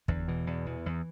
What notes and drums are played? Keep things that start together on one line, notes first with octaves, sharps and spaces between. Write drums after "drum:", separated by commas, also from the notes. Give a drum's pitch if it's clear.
E2 D3, drum: kick
B2 E3
E2
E2
E2